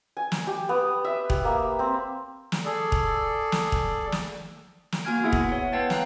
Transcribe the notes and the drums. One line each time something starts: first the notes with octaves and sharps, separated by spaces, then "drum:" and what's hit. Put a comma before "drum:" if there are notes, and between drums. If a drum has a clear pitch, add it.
G#5
drum: snare
G4
B3
E5
G4, drum: kick E1
A#3
C4
drum: snare
G#4 A4 D5
drum: kick E1
drum: snare
drum: kick E1
drum: snare
drum: snare
A#3 F#4 G#5 F6 G#6 D7
B3 E4 G#4 E5 F#5
drum: kick E1
C#5 F#5
B3 B4 F5 G5 A5 A6
F5 A#5 F#6, drum: snare